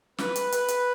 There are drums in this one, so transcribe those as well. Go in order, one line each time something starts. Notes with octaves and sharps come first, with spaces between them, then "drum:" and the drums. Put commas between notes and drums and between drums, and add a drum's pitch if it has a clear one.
B4, drum: snare
drum: hi-hat
B4, drum: hi-hat
drum: hi-hat